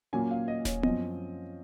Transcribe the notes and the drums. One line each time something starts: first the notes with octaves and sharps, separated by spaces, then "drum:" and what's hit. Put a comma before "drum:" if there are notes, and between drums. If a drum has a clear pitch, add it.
A#2 F#3 A#3 C#4 G#5
F5
D#5
C#5, drum: snare D#1
F#2 F3 C4 D#5, drum: tom B3